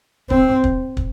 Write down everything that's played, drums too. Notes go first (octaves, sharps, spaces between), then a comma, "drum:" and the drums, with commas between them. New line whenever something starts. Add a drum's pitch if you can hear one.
C4, drum: kick
drum: kick
drum: kick